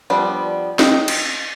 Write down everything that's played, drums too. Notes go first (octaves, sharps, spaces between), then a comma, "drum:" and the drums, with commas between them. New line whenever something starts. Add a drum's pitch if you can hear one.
F3 G3 B3 D4 D5
D#5 G5, drum: snare
drum: cymbal